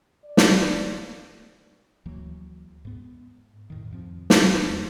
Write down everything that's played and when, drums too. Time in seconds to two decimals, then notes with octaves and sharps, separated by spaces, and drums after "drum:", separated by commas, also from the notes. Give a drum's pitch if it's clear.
0.24 D5
0.37 drum: snare
2.05 D2 E3 F#3 A#3
2.85 G#2 B3
3.70 F2 A2 D#3
3.91 F2 F3 C4
4.30 drum: snare
4.70 E2